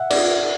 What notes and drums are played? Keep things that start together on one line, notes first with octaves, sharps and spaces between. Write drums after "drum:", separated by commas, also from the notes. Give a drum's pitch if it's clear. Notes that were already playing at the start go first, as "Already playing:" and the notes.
Already playing: E5 F#5
D5, drum: cymbal